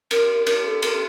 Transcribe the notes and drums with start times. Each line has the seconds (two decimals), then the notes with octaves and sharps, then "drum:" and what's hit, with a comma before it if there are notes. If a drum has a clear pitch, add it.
0.11 A#4, drum: cymbal
0.47 A#4, drum: cymbal
0.65 A4
0.82 A#4, drum: cymbal
0.90 A4